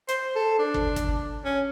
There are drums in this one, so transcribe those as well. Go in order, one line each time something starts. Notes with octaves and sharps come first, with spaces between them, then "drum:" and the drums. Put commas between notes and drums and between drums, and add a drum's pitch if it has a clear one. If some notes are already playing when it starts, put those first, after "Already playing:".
C5, drum: hi-hat
A4
D4
drum: kick
drum: kick, hi-hat
C#4